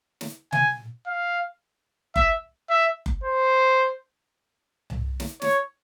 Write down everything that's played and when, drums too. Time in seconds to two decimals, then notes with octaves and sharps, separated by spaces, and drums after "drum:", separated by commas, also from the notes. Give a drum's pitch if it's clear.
0.21 drum: snare
0.52 G#5, drum: tom B2
1.07 F5
2.16 E5, drum: kick F#1
2.70 E5
3.06 drum: kick F#1
3.24 C5
4.90 drum: tom C2
5.20 drum: snare
5.42 C#5, drum: snare